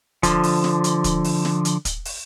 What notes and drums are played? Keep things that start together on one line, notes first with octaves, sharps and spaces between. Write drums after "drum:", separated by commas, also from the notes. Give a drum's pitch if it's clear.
D3 F3, drum: kick, hi-hat
drum: open hi-hat
drum: snare
drum: hi-hat
drum: kick, hi-hat
drum: open hi-hat
drum: snare
drum: hi-hat
drum: kick, hi-hat
drum: open hi-hat